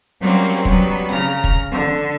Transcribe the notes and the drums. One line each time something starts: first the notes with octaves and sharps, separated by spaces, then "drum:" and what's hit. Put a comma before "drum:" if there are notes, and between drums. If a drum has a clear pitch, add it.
F#3 G3 A#3 C4 C#4
F#3 G3 B3, drum: kick
C#3 A#5 F6
drum: kick
D3